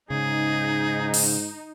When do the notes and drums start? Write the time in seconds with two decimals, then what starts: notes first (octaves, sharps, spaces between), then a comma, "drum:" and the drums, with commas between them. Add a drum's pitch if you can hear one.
0.10 G#2 C#3 D#4 G#4
1.14 drum: open hi-hat